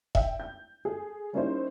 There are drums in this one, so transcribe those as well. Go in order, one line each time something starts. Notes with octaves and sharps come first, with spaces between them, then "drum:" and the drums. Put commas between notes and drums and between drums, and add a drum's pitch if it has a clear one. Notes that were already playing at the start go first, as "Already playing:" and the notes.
E5 G5, drum: kick E1
G6
G#4 A4
G3 A#3 C#4 D#4 E4 C5